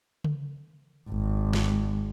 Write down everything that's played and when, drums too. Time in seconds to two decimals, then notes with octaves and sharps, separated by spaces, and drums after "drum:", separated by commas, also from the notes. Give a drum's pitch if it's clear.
0.24 drum: tom C#3
1.10 G#1
1.53 drum: snare